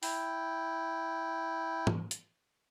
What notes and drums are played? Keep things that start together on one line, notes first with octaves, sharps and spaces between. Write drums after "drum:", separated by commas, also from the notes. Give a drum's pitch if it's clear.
E4 G5, drum: open hi-hat
drum: tom
drum: hi-hat